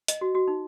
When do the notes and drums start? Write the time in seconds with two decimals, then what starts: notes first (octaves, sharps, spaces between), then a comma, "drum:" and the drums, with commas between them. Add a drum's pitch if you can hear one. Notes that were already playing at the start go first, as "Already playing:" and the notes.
0.08 D#5, drum: hi-hat
0.21 F#4
0.35 F#4
0.48 D#4